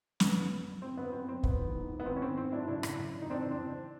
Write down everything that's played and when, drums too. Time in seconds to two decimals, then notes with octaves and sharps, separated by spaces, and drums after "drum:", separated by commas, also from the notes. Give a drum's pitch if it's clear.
0.20 F#2 B3, drum: snare
0.35 D3
0.51 F#2
0.67 D3
0.82 F#2 C4
0.97 D3 B3
1.12 F#2 C4
1.29 F#2 C4
1.43 F#3 B3, drum: kick
1.59 D#3
1.75 G#2
1.91 G#2
2.00 B3
2.06 D#3 C4
2.16 C#4
2.22 D#3 C4
2.37 G#2 C4
2.52 F#3 D4 E4
2.67 C#3 D4 E4
2.83 F#2, drum: rim click
2.99 C#3
3.15 E3
3.22 D#4
3.30 E3 C4 D4
3.41 C4
3.45 C#3
3.51 C4 D4
3.61 E3